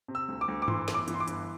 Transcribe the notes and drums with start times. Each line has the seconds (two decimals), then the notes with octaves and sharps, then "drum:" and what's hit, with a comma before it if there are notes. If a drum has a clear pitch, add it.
0.08 C3
0.15 E6
0.28 D2
0.41 D6
0.48 D2
0.62 D6
0.68 E3 C6, drum: tom G2
0.88 G1, drum: snare
0.94 D6
1.08 E3, drum: hi-hat
1.14 C6
1.20 D6
1.28 G1, drum: hi-hat